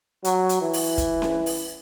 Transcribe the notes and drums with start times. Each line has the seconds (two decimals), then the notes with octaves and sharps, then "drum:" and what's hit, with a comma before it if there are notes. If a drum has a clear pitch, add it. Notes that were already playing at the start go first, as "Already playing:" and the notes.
0.25 F#3, drum: hi-hat
0.49 drum: hi-hat
0.61 E3
0.73 drum: open hi-hat
0.98 drum: kick, hi-hat
1.22 drum: snare C#4
1.46 drum: open hi-hat